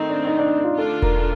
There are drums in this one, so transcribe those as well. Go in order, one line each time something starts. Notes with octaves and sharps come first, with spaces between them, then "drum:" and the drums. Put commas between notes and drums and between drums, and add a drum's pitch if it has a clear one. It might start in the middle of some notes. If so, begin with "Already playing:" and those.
Already playing: D#3 A3 C4 D#4
D4
D#4
D4
F4
D3 A3 D4 F4 A4
A#4, drum: kick E1